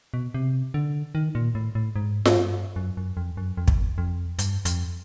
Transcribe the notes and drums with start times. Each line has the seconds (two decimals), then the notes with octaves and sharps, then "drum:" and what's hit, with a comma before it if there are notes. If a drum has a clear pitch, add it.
0.14 B2
0.34 C3
0.74 D3
1.15 D#3
1.35 A#2
1.55 A2
1.75 A2
1.96 G#2
2.25 G#2, drum: snare F4
2.36 G2
2.76 F#2
2.97 F#2
3.17 F2
3.37 F#2
3.57 F2
3.68 drum: kick
3.98 F2
4.39 G2, drum: hi-hat
4.65 F2, drum: hi-hat